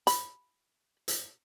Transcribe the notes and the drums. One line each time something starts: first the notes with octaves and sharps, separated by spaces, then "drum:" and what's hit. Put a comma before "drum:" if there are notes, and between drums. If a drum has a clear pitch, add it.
B5, drum: hi-hat
drum: hi-hat